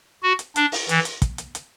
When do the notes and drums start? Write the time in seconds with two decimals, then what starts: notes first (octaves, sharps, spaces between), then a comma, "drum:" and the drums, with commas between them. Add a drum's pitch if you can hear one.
0.23 F#4
0.39 drum: hi-hat
0.56 D4, drum: hi-hat
0.72 drum: open hi-hat
0.89 E3, drum: hi-hat
1.05 drum: hi-hat
1.22 drum: kick, hi-hat
1.38 drum: hi-hat
1.55 drum: hi-hat